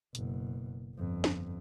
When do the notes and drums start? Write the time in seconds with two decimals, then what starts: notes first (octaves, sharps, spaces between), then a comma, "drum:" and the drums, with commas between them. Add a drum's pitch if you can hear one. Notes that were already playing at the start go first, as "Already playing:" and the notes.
0.15 F#1 B2, drum: hi-hat
0.95 G1 F2
1.24 drum: snare